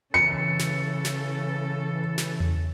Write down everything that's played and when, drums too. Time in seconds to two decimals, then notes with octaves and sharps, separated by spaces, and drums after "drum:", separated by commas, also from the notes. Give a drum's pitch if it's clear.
0.14 C#3 E3 A4 C#7
0.59 drum: snare
1.05 drum: snare
2.18 drum: snare
2.40 drum: tom E2